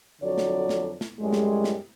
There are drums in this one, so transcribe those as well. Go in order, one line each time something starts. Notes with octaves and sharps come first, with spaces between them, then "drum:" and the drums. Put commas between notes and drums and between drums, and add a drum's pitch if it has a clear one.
F2 D3 F#3 F#4 C#5 D5
drum: snare
drum: snare
drum: snare
F#2 A2 G3 G#3
drum: snare
drum: snare